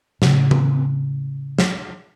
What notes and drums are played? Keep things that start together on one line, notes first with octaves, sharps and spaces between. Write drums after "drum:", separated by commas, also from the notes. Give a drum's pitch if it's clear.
A2 C#3, drum: snare
drum: tom D#3
drum: snare